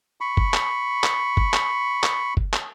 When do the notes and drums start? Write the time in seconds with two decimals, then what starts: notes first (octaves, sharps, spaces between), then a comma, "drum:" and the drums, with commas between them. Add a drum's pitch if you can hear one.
0.21 B5 C#6
0.37 drum: kick F#1
0.54 drum: clap
1.04 drum: clap
1.37 drum: kick F#1
1.54 drum: clap
2.04 drum: clap
2.37 drum: kick F#1
2.54 drum: clap